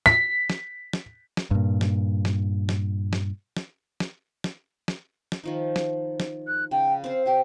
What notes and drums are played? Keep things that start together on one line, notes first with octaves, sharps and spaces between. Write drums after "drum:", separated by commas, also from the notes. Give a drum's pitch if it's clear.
B6, drum: snare
drum: snare
drum: snare
drum: snare
G2 A#2
drum: snare
drum: snare
drum: snare
drum: snare
drum: snare
drum: snare
drum: snare
drum: snare
drum: snare
D#3 F3 D#4
drum: snare
drum: snare
F#6
C#3 G5
C4 C5 F5
C3 G4 G5